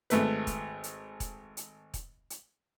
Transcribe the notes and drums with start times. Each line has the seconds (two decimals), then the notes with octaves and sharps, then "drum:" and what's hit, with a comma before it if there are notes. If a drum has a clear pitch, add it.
0.10 G#1 A3 B4, drum: hi-hat
0.47 drum: kick E1, hi-hat
0.84 drum: hi-hat
1.20 drum: kick E1, hi-hat
1.57 drum: hi-hat
1.94 drum: kick E1, hi-hat
2.30 drum: hi-hat